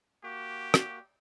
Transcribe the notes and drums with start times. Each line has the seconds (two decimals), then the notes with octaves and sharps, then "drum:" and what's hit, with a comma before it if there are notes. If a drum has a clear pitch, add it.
0.24 A#3 F#4 G4
0.74 drum: rim click